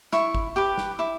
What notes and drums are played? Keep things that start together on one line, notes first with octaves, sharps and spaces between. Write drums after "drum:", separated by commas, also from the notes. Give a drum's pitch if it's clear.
E4 C#6, drum: snare
drum: kick G#1
G4 B4 D6
drum: snare
E4 D6